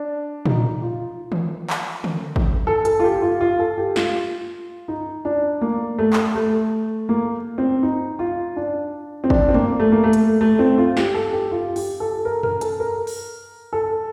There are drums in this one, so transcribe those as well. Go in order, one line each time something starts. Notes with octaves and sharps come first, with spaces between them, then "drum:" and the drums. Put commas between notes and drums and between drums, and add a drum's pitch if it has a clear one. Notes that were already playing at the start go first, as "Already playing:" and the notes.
Already playing: D4
D#4, drum: tom A#2
F4
drum: tom D#3
drum: clap
drum: tom D3
drum: kick G#1
A4
A4, drum: hi-hat
F4
G4
F4
F4
A4
G4
F4, drum: snare
D#4
D4
A#3
A3
drum: clap
A3
A#3
C4
D#4
F4
D4
C4
D4, drum: kick G#1
C4
A#3, drum: tom F#2
A3
A#3
A3
drum: hi-hat
A3
C4
F4
G4, drum: snare
A4
G4
F4
G4, drum: open hi-hat
A4
A#4
A#4, drum: tom F#2
A4, drum: hi-hat
A#4
drum: open hi-hat
A4